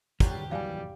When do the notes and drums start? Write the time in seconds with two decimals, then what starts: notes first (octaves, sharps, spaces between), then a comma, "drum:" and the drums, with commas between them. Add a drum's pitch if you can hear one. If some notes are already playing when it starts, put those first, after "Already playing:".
0.20 G3 E4 F4 G4 B4 C#5 F#5, drum: kick, hi-hat
0.51 D#2 E3 F#3 G3 F5 G5 G#5